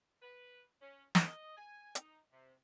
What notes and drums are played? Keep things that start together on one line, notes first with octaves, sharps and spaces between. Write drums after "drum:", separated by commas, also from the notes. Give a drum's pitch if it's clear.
B4
C#4
D#5, drum: snare
G#5
D#4, drum: hi-hat
C3